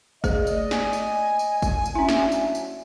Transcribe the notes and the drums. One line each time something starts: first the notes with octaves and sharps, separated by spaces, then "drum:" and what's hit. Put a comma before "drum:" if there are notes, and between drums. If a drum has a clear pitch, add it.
A3 G#4 C5 D5 D#5, drum: kick G1, tambourine
drum: tambourine
G#5, drum: snare
drum: tambourine
drum: tambourine
drum: kick G1, tambourine
drum: tambourine
F#3 C#4 D4 E4 E5
drum: snare
drum: tambourine
drum: tambourine